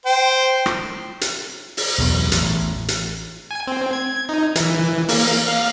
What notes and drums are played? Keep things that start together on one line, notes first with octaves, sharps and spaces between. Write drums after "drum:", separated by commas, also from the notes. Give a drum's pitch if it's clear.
C5 G5
drum: rim click
drum: hi-hat
drum: open hi-hat
B1 E2 B3
A1, drum: hi-hat
drum: hi-hat
G#5
C4
G#6
D#4
E3, drum: hi-hat
A#3, drum: open hi-hat
F5